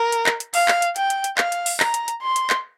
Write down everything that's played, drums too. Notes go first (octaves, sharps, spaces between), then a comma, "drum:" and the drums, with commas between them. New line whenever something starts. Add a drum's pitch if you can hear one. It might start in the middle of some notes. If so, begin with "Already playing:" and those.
Already playing: A#4
drum: hi-hat
drum: clap
drum: hi-hat
F5, drum: open hi-hat
drum: clap
drum: hi-hat
G5, drum: hi-hat
drum: hi-hat
drum: hi-hat
F5, drum: clap
drum: hi-hat
drum: open hi-hat
A#5, drum: clap
drum: hi-hat
drum: hi-hat
C6
drum: hi-hat
drum: clap